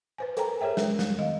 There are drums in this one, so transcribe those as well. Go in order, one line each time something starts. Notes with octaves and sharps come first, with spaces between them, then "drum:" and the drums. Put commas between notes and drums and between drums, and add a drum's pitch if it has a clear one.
B4 C5 G#5
A4 A#4 C5 G5 G#5 A#5, drum: hi-hat
G#4 A#4 C#5 E5 G5
G#3, drum: snare
G3, drum: snare
D#5 F5, drum: tom